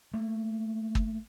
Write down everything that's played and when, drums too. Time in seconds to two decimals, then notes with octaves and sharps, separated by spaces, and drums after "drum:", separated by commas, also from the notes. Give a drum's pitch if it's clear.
0.14 A3 A#3
0.95 drum: kick